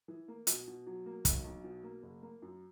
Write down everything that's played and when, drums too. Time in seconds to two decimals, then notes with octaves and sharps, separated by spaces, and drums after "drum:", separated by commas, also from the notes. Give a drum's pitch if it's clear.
0.08 E3
0.28 A#3
0.47 B2, drum: hi-hat
0.67 B2
0.87 F#3
1.06 A#3
1.25 B1, drum: kick, hi-hat
1.44 B1
1.64 B2
1.83 A#3
2.03 F#1
2.22 A#3
2.42 F#2